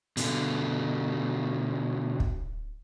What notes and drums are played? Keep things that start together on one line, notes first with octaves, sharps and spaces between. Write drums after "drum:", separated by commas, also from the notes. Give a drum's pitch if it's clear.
B2 D3, drum: hi-hat
drum: kick